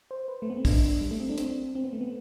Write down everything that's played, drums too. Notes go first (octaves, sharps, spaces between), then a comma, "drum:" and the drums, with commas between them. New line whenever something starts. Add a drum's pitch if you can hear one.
C5
B4
A3
B3
C4
D4, drum: kick, open hi-hat
G3
A3
C4
D4
C4, drum: hi-hat
C4
B3
A3
B3